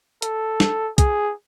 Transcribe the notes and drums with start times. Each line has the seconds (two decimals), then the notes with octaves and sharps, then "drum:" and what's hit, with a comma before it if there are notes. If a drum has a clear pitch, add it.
0.22 A4, drum: hi-hat
0.60 drum: snare
0.98 G#4, drum: kick, hi-hat